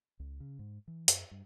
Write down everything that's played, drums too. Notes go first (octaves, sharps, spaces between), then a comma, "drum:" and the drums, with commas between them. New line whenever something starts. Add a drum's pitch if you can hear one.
C#2
C#3
G#2
E3
F#2, drum: hi-hat
G2